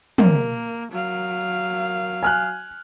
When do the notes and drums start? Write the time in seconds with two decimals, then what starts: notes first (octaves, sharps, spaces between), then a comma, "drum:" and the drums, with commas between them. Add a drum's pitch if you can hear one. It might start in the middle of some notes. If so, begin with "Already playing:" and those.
0.18 A#3 A#4, drum: tom
0.91 F#3 F5
2.23 G#5 F6 F#6